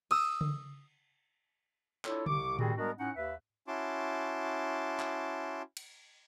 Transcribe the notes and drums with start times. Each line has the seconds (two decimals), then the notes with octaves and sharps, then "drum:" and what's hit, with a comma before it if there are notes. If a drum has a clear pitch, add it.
0.11 D#6 E6, drum: cymbal
0.41 drum: tom C#3
2.05 D4 E4 F4 A4 C#5, drum: clap
2.26 C2 C3 C#6 D6, drum: tom C#3
2.59 C3 D#3 G3 C4 F#4 G#4, drum: tom A2
2.77 G3 G#3 B3 D4 F#4 A#4
2.98 A2 C#4 D#4 F#5
3.16 D#2 B4 E5
3.68 C#4 E4 F#4 A5 C6 D6
5.00 drum: clap
5.77 drum: cymbal